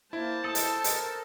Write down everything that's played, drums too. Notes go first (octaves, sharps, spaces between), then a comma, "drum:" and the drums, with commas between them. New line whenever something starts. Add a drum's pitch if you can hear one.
A#3 E4 C5 A5
E4 A4 D#6
drum: hi-hat
A#4, drum: hi-hat